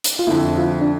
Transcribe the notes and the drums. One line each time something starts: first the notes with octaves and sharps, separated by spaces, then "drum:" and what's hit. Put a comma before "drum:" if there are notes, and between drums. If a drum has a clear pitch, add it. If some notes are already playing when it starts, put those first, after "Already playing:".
drum: hi-hat
F4
F2 D3 A3 E4
F4
D4